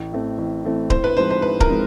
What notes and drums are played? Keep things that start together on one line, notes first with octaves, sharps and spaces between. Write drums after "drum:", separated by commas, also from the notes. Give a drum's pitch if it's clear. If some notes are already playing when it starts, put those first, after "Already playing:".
Already playing: A1
A2 E3 A3 C4
A1
A2 E3 A3 C4
A2 C5, drum: kick D1
B4
F3 G#3 C4 D#4 C5
C5
A2 B4
A#4, drum: kick D1
F3 G#3 C4 D#4